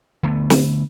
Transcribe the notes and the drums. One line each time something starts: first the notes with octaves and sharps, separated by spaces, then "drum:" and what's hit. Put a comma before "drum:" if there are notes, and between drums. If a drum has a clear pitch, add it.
D3 A3 B3
drum: snare